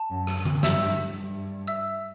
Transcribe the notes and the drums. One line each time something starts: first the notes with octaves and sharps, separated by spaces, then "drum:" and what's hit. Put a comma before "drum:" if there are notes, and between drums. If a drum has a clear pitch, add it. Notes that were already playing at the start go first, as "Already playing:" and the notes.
Already playing: A5
F#2
drum: rim click
drum: tom D3
G2 E5 E6, drum: snare
G2
E5 E6